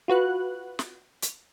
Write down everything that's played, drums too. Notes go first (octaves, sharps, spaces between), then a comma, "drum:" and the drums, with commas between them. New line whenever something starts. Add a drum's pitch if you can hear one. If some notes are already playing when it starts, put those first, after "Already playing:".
F4 F#4 B4 F#6
drum: snare
drum: hi-hat